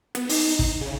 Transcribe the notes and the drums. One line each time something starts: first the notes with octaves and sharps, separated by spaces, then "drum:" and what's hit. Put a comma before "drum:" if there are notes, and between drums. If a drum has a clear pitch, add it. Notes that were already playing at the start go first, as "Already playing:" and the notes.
B3, drum: hi-hat
D#4, drum: open hi-hat
drum: kick
C#3